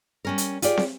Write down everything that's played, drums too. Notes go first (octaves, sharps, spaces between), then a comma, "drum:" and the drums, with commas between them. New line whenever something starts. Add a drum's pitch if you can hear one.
G3 C#4 A#4
drum: hi-hat
F4 G4 G#4 D5, drum: hi-hat
drum: snare